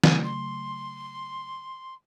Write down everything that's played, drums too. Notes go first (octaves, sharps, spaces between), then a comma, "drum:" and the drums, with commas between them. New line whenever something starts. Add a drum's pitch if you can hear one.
C#3 F#3 A3 G#5, drum: snare
C6